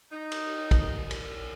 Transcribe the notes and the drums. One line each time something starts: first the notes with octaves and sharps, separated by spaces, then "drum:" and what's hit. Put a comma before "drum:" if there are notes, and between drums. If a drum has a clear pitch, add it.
D#4
drum: cymbal
drum: kick A#1, cymbal
drum: cymbal